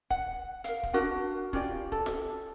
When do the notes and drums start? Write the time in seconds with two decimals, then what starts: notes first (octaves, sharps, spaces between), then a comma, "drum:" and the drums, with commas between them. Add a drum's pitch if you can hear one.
0.10 F#5, drum: kick D1
0.64 A#4 F5, drum: hi-hat
0.83 drum: kick D1
0.93 D4 F#4 A#4 F#5
1.53 C#4 F4 G4 D5, drum: kick D1
1.92 A4, drum: kick D1
2.06 drum: snare